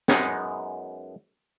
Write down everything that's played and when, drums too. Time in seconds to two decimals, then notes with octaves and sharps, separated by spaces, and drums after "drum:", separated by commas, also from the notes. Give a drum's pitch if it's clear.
0.08 F#2 G#3 B3 D#4, drum: snare